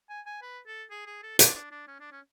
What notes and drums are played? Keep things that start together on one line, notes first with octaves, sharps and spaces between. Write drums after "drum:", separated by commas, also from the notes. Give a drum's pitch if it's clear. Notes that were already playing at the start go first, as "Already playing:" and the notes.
G#5
G#5
B4
A4
G#4
G#4
A4
D4, drum: hi-hat
D4
D4
C#4
D4
C#4